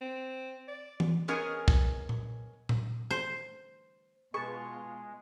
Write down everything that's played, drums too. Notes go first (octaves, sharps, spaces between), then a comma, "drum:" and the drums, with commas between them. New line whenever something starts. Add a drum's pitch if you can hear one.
C4
D5
drum: tom E3
B3 C#4 G#4 A#4 D#5
drum: kick
drum: tom A#2
drum: tom A#2
C5
B2 G#3 F4 G#4 B4 A5 C#6